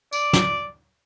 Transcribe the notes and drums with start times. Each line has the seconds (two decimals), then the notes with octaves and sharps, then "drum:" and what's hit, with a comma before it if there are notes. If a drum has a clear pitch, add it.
0.13 D5, drum: tambourine
0.33 drum: snare